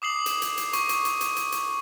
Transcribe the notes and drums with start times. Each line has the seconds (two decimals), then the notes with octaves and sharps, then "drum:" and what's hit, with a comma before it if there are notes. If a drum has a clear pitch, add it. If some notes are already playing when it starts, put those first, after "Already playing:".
0.02 D6 D#6 C7 F#7
0.26 drum: hi-hat
0.42 drum: hi-hat
0.57 drum: hi-hat
0.73 C#6, drum: hi-hat
0.89 drum: hi-hat
1.05 drum: hi-hat
1.21 drum: hi-hat
1.36 drum: hi-hat
1.52 drum: hi-hat